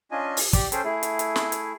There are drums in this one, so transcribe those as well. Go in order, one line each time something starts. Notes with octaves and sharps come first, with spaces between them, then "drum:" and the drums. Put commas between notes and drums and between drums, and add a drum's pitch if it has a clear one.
C#4 D4 F4 D#5 G#5
drum: open hi-hat
G4 D5, drum: kick, hi-hat
C#4 G#4 A4 C5 G5, drum: hi-hat
A3 E4 G#4
drum: hi-hat
drum: hi-hat
drum: snare
drum: hi-hat